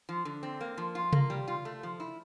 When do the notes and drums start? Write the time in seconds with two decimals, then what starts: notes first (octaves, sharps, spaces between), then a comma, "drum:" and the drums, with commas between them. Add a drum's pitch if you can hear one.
0.09 F3
0.25 D3
0.43 C4
0.61 A#3
0.78 F3
0.95 F4
1.13 A#3, drum: tom C3
1.30 G3
1.48 F4
1.65 A3
1.83 F3
2.00 E4